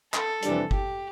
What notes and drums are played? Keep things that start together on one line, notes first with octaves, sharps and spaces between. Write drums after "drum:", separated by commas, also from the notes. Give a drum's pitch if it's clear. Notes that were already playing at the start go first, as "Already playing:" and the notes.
A4, drum: clap
F2 C3 E3 G3 D4, drum: hi-hat
G4, drum: kick G1